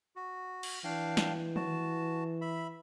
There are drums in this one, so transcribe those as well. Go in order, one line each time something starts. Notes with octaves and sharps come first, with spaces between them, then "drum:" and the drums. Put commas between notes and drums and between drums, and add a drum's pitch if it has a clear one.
F#4
drum: cymbal
E3 D4 F5 G5
drum: snare
F#4 A5, drum: tom D#3
E5 B5